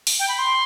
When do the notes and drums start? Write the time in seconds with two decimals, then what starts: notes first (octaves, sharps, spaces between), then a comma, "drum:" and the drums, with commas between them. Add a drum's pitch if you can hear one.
0.07 drum: open hi-hat
0.19 G5
0.28 B5
0.38 C6